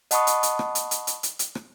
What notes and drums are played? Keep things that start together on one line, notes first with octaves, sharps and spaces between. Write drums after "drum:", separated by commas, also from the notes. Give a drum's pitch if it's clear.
D#5 F#5 A5 B5 C#6 D#6, drum: hi-hat
drum: hi-hat
drum: hi-hat
drum: rim click
drum: hi-hat
drum: hi-hat
drum: hi-hat
drum: hi-hat
drum: hi-hat
drum: rim click